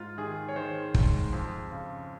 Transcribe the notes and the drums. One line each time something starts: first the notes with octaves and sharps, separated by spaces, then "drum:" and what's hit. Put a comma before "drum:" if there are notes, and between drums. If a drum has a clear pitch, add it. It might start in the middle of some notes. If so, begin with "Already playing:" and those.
Already playing: G#2 F4
D#3 G#4
C#5
D#3 C5
G#2, drum: kick
F2
C#3